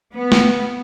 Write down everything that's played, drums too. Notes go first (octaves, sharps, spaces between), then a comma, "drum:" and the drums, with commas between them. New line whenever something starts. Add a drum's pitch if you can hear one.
B3
drum: snare